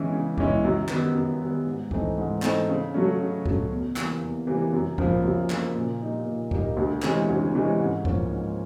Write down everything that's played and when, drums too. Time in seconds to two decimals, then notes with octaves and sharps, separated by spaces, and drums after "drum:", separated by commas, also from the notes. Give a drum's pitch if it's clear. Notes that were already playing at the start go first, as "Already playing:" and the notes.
Already playing: C#3 E3 G#3 C#4 E4
0.12 C#3
0.38 E3 G#3 C#4 E4, drum: kick C#2
0.64 F#2
0.89 D#3 G3 B3, drum: clap
1.15 F#2
1.40 D#3 G3 B3
1.66 G#2
1.91 E3 A3 C4 D#4, drum: kick C#2
2.18 G#2
2.42 E3 A3 C4 D#4, drum: clap
2.69 C#3
2.94 F#3 A3 C#4
3.20 C#3
3.46 F#3 A3 C#4, drum: kick C#2
3.70 E2
3.97 C3 E3 G3 A#3, drum: clap
4.21 E2
4.47 C3 E3 G3 A#3
4.73 F#2
4.98 C#3 F3 A#3, drum: kick C#2
5.24 F#2
5.50 C#3 F3 A#3, drum: clap
5.75 A#2
6.01 G3 A#3 D#4
6.26 A#2
6.51 G3 A#3 D#4, drum: kick C#2
6.77 D2
7.03 C3 E3 G#3 C#4, drum: clap
7.29 D2
7.54 C3 E3 G#3 C#4
7.80 G#2
8.05 F3 A#3 C#4, drum: kick C#2
8.31 G#2